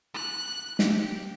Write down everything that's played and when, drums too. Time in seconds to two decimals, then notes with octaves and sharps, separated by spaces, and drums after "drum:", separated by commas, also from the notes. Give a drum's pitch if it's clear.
0.14 F#6
0.79 G4, drum: snare